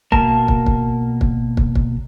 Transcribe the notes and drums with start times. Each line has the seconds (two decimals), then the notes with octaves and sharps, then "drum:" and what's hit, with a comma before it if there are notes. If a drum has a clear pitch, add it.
0.12 B2 A#3 A#4 A5 A#5, drum: kick
0.48 drum: kick
0.66 drum: kick
1.21 drum: kick
1.57 drum: kick
1.75 drum: kick